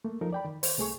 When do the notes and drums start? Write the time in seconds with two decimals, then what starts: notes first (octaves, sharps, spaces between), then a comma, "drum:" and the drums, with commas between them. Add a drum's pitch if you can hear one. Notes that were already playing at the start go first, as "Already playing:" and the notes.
0.04 A3 A#3
0.21 F3 D#4 A4 A#4
0.33 D5 G5 B5
0.45 D#3
0.63 C5, drum: open hi-hat
0.78 C2 A3 G#4 C#6